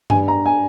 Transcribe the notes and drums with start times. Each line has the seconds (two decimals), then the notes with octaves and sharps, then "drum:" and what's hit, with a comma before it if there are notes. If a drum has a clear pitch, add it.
0.10 G2 G3 G#5, drum: tom G2
0.28 A#5
0.46 G#5